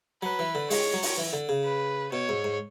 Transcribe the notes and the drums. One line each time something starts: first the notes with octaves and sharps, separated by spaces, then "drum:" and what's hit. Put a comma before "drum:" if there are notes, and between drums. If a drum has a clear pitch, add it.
F#3 B4
E3
D3
G#3 C#5, drum: open hi-hat
F#3
drum: open hi-hat
E3
D3
C#3
B4
B2 C#5
G#2
G#2